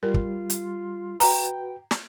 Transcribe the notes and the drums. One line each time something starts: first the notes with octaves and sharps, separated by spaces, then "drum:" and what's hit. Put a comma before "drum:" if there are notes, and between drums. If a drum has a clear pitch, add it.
G3 F4 A#4
drum: kick
drum: hi-hat
F#4 B4 G5 A#5, drum: open hi-hat
drum: snare